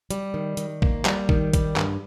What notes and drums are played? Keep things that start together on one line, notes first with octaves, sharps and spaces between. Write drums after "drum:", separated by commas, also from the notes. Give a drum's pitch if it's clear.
G3, drum: hi-hat
D#3
D#3, drum: hi-hat
A#3, drum: kick
G3, drum: clap
D#3, drum: kick
G3, drum: kick, hi-hat
G2, drum: clap